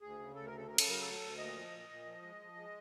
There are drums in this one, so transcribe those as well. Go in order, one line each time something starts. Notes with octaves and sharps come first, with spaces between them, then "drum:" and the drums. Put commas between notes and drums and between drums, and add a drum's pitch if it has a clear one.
D2 G#4
C#3
D2 A4
A#4
C#3 A4
C#3 A#4
A4, drum: cymbal
F#3 A#4
D2 A4
D2
A#2 D#5
F3
A#2
A#2
F3
G#3
F3
G#3